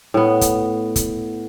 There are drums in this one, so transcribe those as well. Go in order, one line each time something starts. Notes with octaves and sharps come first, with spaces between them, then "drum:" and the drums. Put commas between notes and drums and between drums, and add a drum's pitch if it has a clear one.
A2 B3
drum: kick, hi-hat
drum: kick, hi-hat